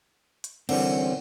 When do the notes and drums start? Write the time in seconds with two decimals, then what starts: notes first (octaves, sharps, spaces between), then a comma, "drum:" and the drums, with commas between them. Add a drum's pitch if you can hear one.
0.44 drum: hi-hat
0.69 D3 E3 G3 C4 C#4 A#4 D5 F#5, drum: cymbal